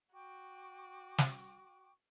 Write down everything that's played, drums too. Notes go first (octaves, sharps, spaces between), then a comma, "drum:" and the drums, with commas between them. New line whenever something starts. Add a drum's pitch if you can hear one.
F#4 G5 C#6 D6
drum: snare